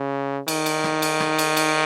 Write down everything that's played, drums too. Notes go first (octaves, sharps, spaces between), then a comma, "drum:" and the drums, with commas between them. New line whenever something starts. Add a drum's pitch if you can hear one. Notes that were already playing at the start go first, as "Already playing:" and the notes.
Already playing: C#3
D#3, drum: cymbal
drum: cymbal
drum: rim click
drum: cymbal
drum: rim click
drum: cymbal
drum: cymbal